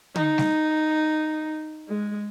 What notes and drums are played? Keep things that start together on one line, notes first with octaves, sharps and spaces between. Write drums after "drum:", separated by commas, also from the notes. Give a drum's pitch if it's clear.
D#4, drum: tom D3
drum: snare G3
G#3